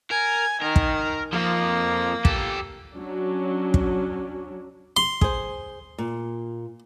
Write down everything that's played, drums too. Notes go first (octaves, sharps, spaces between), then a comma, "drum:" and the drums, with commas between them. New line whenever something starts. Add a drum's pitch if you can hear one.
A#4 G#5
D#3 A#4
drum: kick
F2 F3 A#3
G4 A4, drum: kick
F#3 C#4 D4
drum: kick
C6
G#4 C5, drum: kick
A#2